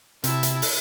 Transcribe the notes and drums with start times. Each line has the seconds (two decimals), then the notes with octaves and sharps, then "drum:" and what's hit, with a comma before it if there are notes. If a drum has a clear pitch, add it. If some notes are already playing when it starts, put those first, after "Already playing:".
0.24 C3 E4 E5 A5, drum: hi-hat
0.43 drum: hi-hat
0.62 drum: open hi-hat